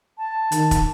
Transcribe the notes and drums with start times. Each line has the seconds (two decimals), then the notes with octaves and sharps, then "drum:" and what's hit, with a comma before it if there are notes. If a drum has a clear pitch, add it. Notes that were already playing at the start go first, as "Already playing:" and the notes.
0.18 A5
0.52 D#3, drum: hi-hat
0.71 drum: kick, hi-hat